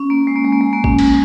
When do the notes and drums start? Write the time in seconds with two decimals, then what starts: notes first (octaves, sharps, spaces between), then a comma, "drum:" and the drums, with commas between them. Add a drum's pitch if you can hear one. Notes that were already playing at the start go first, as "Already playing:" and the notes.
Already playing: C#4
0.10 A#3
0.27 G#3
0.36 A#3
0.44 G#3
0.52 A#3
0.61 G#3
0.73 A#3
0.84 C#4, drum: kick
0.99 drum: cymbal